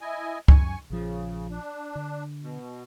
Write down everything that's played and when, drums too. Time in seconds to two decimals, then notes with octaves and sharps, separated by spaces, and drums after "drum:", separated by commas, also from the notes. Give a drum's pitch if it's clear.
0.01 E4 D#5 G#5
0.48 F#2 G#5 C#6, drum: kick C#2
0.90 A#1 C#3 F3
1.51 D4
1.95 D3
2.42 B2